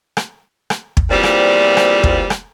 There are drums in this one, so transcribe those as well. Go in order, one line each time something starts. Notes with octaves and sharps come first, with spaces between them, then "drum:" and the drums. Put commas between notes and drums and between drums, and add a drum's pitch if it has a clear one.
drum: rim click
drum: rim click
drum: kick
E2 A#2 F3 G3 C4 D5
drum: rim click
drum: rim click
drum: kick
drum: rim click